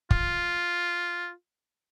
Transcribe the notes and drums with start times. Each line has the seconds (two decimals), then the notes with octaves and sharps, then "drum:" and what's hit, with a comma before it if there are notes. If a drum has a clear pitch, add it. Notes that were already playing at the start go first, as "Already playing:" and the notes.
0.11 F4, drum: kick